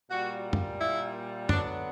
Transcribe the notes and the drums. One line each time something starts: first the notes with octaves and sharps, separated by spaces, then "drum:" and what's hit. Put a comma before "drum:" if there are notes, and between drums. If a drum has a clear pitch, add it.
A#2 G3 A#3 F#4
drum: tom
E4
D3 F#3 B3 D4, drum: tom